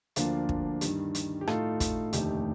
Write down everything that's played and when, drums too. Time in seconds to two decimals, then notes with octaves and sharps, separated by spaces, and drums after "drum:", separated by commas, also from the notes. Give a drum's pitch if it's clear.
0.16 D2 D3 F3 A#3 D4 F4, drum: hi-hat
0.49 drum: kick
0.81 G2 D#3 G3, drum: hi-hat
1.15 drum: hi-hat
1.41 G4
1.47 A2 A3 D#4 F4 A4, drum: rim click
1.80 drum: kick, hi-hat
2.13 F1 D#2 D3 A3 D#4 G4, drum: hi-hat